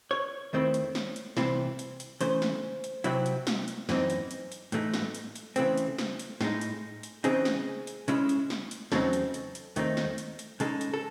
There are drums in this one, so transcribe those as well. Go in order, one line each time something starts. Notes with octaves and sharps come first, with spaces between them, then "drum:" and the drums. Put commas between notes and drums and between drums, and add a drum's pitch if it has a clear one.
C#5
D#2 D#3 A3 C4 E4
drum: hi-hat
drum: snare
drum: hi-hat
C2 C3 E3 C4 E4, drum: snare
drum: hi-hat
drum: hi-hat
C#3 E3 A3 C5, drum: hi-hat
drum: snare
drum: hi-hat
C3 F#3 C4 E4, drum: hi-hat
drum: hi-hat
drum: snare
drum: hi-hat
F#2 E3 C4 D#4, drum: snare
drum: hi-hat
drum: hi-hat
drum: hi-hat
A2 E3 A3 D#4, drum: hi-hat
drum: snare
drum: hi-hat
drum: hi-hat
C#2 C#3 E3 A3 C4, drum: hi-hat
drum: hi-hat
drum: snare
drum: hi-hat
A2 G#3 D#4, drum: snare
drum: hi-hat
drum: hi-hat
C#3 E3 C4 D#4 G#4, drum: hi-hat
drum: snare
drum: hi-hat
C#3 G#3 C#4 E4, drum: hi-hat
drum: hi-hat
drum: snare
drum: hi-hat
E2 C#3 F#3 C4 D#4 A4, drum: snare
drum: hi-hat
drum: hi-hat
drum: hi-hat
D#2 D#3 A3 C4 D#4, drum: hi-hat
drum: snare
drum: hi-hat
drum: hi-hat
C#3 G#3 D#4 A4, drum: hi-hat
drum: hi-hat
A4